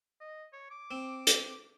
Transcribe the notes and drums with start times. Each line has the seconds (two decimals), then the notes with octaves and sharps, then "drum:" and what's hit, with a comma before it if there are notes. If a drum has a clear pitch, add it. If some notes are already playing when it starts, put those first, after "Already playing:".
0.20 D#5
0.53 C#5
0.70 D6
0.91 C4
1.27 drum: hi-hat